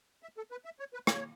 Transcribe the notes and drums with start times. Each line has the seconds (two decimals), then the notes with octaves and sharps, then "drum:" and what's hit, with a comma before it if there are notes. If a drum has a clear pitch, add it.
0.23 E5
0.37 A4
0.51 B4
0.65 E5
0.79 C#5
0.94 B4
1.07 C#5, drum: rim click